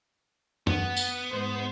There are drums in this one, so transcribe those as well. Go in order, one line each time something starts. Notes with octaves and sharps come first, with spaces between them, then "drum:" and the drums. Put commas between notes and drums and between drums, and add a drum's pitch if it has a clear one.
B3, drum: tom F#2
drum: tambourine
G#2 C5